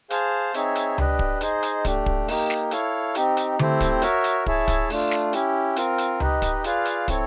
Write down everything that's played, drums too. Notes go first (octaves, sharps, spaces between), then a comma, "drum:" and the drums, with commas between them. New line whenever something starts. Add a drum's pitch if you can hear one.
G#4 C5 F5 A5, drum: hi-hat
C4 D#4 G#4 C#5 E5, drum: hi-hat
drum: hi-hat
D4 G4 B4 D#5, drum: tom C#2
drum: kick
D#4 G#4 C5 D#5, drum: hi-hat
drum: hi-hat
A3 D4 G4, drum: kick, hi-hat
drum: kick
A#3 D#4 G4, drum: open hi-hat
drum: snare
E4 A4 C#5 F5, drum: hi-hat
C4 D#4 G4, drum: hi-hat
drum: hi-hat
A3 C4 E4 G4 C5, drum: tom D3
drum: kick, hi-hat
F#4 A#4 C#5 E5, drum: hi-hat
drum: hi-hat
E4 G#4 C#5 E5 A5, drum: kick
drum: kick, hi-hat
A3 D4 F4, drum: open hi-hat
drum: snare
C#4 E4 G4, drum: hi-hat
C4 F4 A#4, drum: hi-hat
drum: hi-hat
D#4 G4 B4 D#5, drum: tom C#2
drum: kick, hi-hat
F4 G#4 B4 D5 F5, drum: hi-hat
drum: hi-hat
C4 E4 A4 C#5, drum: kick, hi-hat